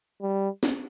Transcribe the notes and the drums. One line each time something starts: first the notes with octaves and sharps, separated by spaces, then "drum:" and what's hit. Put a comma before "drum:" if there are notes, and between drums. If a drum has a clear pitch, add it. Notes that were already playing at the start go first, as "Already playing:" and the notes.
G3
drum: snare